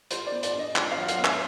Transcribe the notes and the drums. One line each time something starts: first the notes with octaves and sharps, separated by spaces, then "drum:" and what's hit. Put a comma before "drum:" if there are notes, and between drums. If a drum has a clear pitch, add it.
F4 C5, drum: hi-hat
D5
B3
D5, drum: hi-hat
D4
D#5
F4, drum: clap
F5
F#3 F#5
F5, drum: hi-hat
B3
E5, drum: clap